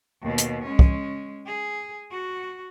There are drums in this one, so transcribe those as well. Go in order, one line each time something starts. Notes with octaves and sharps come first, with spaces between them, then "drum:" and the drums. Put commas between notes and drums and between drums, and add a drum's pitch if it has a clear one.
D#2 B2
drum: hi-hat
G#3 C#4
drum: kick
G#4
F#4